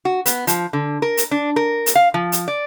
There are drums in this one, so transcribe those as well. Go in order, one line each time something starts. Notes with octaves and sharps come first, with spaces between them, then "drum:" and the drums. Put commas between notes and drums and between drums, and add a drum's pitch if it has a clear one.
F#4
B3, drum: hi-hat
F3, drum: hi-hat
D3
A#4
drum: hi-hat
D4
A#4
drum: hi-hat
F5
F3
drum: hi-hat
D5